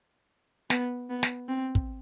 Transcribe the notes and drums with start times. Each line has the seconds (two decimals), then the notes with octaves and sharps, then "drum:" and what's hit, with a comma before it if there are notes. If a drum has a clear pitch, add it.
0.70 B3, drum: snare
1.10 B3
1.23 drum: snare
1.49 C4
1.75 drum: kick